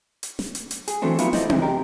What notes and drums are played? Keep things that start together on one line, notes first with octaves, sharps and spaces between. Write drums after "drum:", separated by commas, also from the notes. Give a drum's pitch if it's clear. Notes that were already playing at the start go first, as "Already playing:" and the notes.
drum: hi-hat
drum: snare
drum: hi-hat
drum: hi-hat
G#4, drum: hi-hat
E3 F#3 A3 C4 D4
F#3 B3 D4 E4 F4, drum: hi-hat
E4 C5 D5 D#5, drum: snare
C#2 G2 C3 E3 G#3, drum: tom C4
G4 A#4